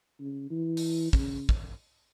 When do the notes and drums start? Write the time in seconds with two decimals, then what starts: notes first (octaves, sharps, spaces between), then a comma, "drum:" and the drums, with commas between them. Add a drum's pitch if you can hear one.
0.20 C#3
0.50 E3
0.77 drum: open hi-hat
1.13 C#3, drum: kick
1.49 drum: kick